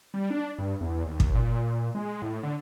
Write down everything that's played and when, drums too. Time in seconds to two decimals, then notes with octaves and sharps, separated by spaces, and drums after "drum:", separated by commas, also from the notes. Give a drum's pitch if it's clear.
0.14 G3
0.31 D4
0.59 G2
0.81 E2
1.06 D#2
1.20 drum: kick
1.35 A#2
1.95 G#3
2.22 A2
2.43 D3